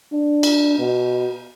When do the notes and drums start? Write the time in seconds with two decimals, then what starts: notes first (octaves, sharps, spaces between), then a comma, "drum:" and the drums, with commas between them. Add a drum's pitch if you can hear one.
0.13 D4
0.43 drum: cymbal
0.78 B2